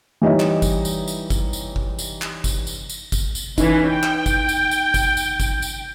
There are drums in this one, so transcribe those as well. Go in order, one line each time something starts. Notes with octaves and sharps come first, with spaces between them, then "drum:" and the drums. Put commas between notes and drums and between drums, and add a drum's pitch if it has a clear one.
E3 G3 D#4 C#5 D#5 E5
drum: clap
drum: kick G1, tambourine
drum: tambourine
drum: tambourine
drum: kick G1, tambourine
drum: tambourine
drum: kick G1
drum: tambourine
drum: clap
drum: kick G1, tambourine
drum: tambourine
drum: tambourine
drum: kick G1, tambourine
drum: tambourine
E3 C#4 D#4, drum: kick G1, tambourine
G5
drum: clap
drum: kick G1, tambourine
drum: tambourine
drum: tambourine
drum: kick G1, tambourine
drum: tambourine
drum: kick G1, tambourine
drum: tambourine